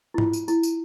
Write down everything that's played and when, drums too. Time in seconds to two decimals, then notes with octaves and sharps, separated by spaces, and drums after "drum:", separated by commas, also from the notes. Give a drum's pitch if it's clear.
0.14 E4
0.18 F4, drum: tom G#2
0.33 drum: tambourine
0.48 E4, drum: tambourine
0.63 drum: tambourine